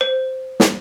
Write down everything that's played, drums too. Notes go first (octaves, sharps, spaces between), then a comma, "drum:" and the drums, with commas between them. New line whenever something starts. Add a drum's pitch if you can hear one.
C5
drum: snare